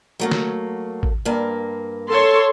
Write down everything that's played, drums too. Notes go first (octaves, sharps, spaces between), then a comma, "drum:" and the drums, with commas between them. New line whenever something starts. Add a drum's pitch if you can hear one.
F#3 A3 A#3
drum: snare
drum: kick A1
G2 A#3
A4 C#5 C6